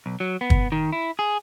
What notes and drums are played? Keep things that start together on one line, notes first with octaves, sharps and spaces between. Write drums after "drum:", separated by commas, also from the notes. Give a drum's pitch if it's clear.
B1
F#3
B3
drum: kick
D#3
E4
G#4